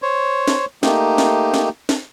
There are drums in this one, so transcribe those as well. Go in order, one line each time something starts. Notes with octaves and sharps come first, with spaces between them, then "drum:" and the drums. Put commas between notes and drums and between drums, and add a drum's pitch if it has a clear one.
C5 C#5
drum: snare
A3 A#3 D#4 G4, drum: snare
drum: snare
drum: snare
drum: snare